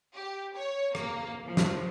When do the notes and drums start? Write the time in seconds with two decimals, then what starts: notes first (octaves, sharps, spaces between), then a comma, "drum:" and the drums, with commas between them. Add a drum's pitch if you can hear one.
0.16 G4
0.56 C#5
0.95 A#3, drum: rim click
1.45 F3
1.57 drum: snare